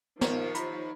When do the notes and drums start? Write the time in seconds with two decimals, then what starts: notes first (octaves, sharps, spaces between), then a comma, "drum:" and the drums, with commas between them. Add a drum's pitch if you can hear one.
0.21 D#2 F3 A#4 C5 C#5, drum: snare
0.55 A#5 B5, drum: hi-hat